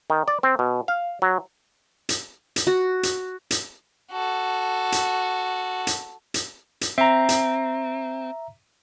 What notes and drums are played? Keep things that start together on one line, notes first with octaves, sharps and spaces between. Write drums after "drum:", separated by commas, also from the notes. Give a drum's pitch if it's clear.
D#3
D5
C4
B2
F5
F#3
drum: hi-hat
drum: hi-hat
F#4
drum: hi-hat
drum: hi-hat
F#4 A4
drum: hi-hat
drum: hi-hat
drum: hi-hat
drum: hi-hat
C4 E5 A#5
drum: hi-hat